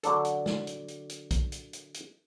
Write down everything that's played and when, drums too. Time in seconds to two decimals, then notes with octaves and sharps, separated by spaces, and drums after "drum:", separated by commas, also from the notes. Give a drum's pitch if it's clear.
0.03 D3 F#3 D4 A4, drum: hi-hat
0.25 drum: hi-hat
0.46 drum: snare
0.67 drum: hi-hat
0.88 drum: hi-hat
1.10 drum: hi-hat
1.31 drum: kick, hi-hat
1.52 drum: hi-hat
1.73 drum: hi-hat
1.94 drum: hi-hat